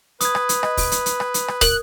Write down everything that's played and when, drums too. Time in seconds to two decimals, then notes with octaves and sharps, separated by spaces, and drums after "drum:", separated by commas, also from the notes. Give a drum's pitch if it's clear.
0.21 B4 D#6 G#6, drum: hi-hat
0.35 drum: rim click
0.49 drum: hi-hat
0.63 D#5, drum: rim click
0.77 drum: kick, open hi-hat
0.92 drum: hi-hat
1.06 drum: hi-hat
1.20 drum: rim click
1.34 drum: hi-hat
1.48 drum: rim click
1.61 A#4 F#6, drum: kick, open hi-hat